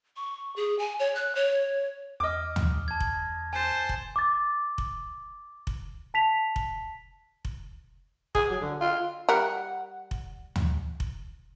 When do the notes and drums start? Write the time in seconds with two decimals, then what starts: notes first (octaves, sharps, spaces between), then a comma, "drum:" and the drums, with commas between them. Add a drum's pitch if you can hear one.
0.16 C#6
0.56 G#4
0.79 G#5
0.99 C#5
1.15 F#6
1.35 C#5
2.20 E2 D#5 D6 D#6 F6
2.56 drum: tom
2.88 A5 G#6
3.00 drum: kick F1
3.53 C5 G#5 A5 C7
3.89 drum: kick F1
4.16 D6 A6
4.78 drum: kick F1
5.67 drum: kick F1
6.14 A5 B6 F7
6.56 drum: kick F1
7.45 drum: kick F1
8.35 G#4, drum: kick F1
8.50 F#3
8.61 D3
8.81 F4
9.29 G3 A#4 F#5
10.11 drum: kick F1
10.56 drum: tom
11.00 drum: kick F1